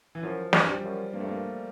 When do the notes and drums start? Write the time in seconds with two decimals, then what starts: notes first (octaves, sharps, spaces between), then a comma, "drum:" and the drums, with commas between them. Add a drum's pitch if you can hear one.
0.15 E3
0.22 F#2 F3
0.53 G2, drum: snare
0.68 G3
0.84 F#2
1.13 G2 A#3
1.20 A3
1.28 A#3